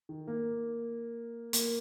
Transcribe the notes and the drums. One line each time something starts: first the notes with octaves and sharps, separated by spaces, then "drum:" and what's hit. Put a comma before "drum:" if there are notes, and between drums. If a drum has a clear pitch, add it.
D#3
A#3
A#3, drum: hi-hat